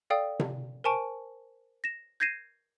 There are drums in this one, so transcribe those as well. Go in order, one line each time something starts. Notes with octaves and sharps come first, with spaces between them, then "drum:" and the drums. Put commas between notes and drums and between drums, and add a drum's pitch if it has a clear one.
A4 D5 F5 G5 D#6
drum: tom C3
A#4 C5 G#5 A5 C#6 D7
A#6 E7
G6 G#6 A#6 C7 D#7 E7